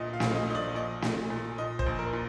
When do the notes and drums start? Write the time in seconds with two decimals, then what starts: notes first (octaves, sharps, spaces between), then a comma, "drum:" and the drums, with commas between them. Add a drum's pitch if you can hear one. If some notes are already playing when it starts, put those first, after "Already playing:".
Already playing: D2 A#2 D#5
0.13 F5
0.20 A#1, drum: snare
0.35 D#5
0.47 A#1 D#5
0.55 D5
0.75 A#1 D#5
1.02 A#2, drum: snare
1.30 A#2
1.58 A#2 D#5
1.79 C5, drum: kick
1.86 A#1
1.99 A#4
2.13 A#2